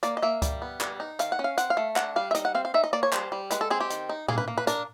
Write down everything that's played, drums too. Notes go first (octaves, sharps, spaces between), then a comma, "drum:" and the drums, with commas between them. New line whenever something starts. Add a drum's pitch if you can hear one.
A#3 D5, drum: hi-hat
D#5
A#3 E5
G3, drum: kick C#2, hi-hat
B3
G3, drum: clap
D#4
D#3 F5, drum: hi-hat
F#5
C#4
F5
C4 F#5, drum: hi-hat
F5
A3
D4 F#5, drum: clap
G3 F5
E5
D#4 D#5, drum: hi-hat
F#5
C4 F5
F5
D#4 E5
D#5
A#3 D5
C#5
G3 C5, drum: clap
G3
G#3 B4, drum: hi-hat
A4
C4 G#4
G4
D#3, drum: hi-hat
D#4
A#3 G#4, drum: tom A2
B4
A#3
B4
D4 A#4, drum: hi-hat